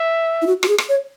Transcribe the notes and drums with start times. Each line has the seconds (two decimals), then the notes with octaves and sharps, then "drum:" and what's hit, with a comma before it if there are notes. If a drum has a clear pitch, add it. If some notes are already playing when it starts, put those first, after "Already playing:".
Already playing: E5
0.42 E4
0.47 F#4
0.63 F#4, drum: rim click
0.68 G#4
0.78 drum: rim click
0.89 C#5